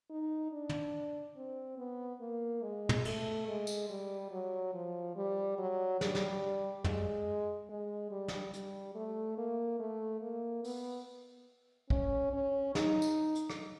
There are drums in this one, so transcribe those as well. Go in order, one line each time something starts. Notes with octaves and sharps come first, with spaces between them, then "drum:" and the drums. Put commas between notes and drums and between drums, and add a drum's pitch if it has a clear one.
D#4
D4
drum: tom
C4
B3
A#3
G#3
drum: tom
A3, drum: cymbal
G#3
drum: tambourine
G3
F#3
F3
G3
F#3
G3, drum: snare
drum: snare
G#3, drum: tom
G#3
G3
drum: snare
G3, drum: hi-hat
A3
A#3
A3
A#3
B3, drum: open hi-hat
C#4, drum: kick
C#4
D#4, drum: snare
drum: tambourine
drum: hi-hat
drum: rim click